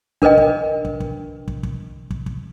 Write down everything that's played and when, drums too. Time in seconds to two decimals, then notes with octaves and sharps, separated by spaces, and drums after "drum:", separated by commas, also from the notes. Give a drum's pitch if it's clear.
0.22 D4 A#4 B4 D#5 G5, drum: kick
0.37 drum: kick
0.85 drum: kick
1.00 drum: kick
1.48 drum: kick
1.63 drum: kick
2.10 drum: kick
2.26 drum: kick